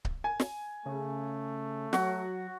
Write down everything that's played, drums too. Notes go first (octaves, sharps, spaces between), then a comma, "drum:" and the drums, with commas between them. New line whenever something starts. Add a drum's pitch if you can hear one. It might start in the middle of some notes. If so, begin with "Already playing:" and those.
drum: kick C#1
G#5
drum: snare
C#3 A3
F#3 F#4, drum: snare